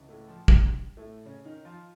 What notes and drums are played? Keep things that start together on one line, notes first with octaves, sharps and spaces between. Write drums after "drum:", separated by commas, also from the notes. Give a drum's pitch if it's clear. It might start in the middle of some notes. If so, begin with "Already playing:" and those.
Already playing: C#2 C#3 E3
A2 A3
F3
G2 G3, drum: kick
A2 A3
C#3 C#4
D#3 D#4
F3 F4